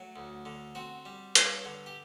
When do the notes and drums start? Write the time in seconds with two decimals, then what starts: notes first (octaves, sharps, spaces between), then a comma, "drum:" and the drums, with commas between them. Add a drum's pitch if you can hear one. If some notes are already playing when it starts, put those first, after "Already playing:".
Already playing: F#3 A3
0.16 D2
0.45 D3
0.75 C4 F#4
1.05 G3
1.35 G2, drum: hi-hat
1.65 D3
1.86 G4